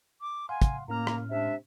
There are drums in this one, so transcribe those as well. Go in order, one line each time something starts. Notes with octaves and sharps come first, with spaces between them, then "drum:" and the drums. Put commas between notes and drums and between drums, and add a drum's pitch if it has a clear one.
D6
F5 F#5 G#5 C6
drum: kick, hi-hat
A2 A#3 C#4 A#5 F6
drum: rim click
C3 G#3 D4 E5